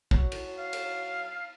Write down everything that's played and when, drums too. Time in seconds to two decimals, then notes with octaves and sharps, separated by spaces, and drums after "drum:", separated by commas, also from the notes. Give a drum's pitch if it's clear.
0.11 F#3, drum: kick
0.32 drum: cymbal
0.58 F5
0.73 drum: cymbal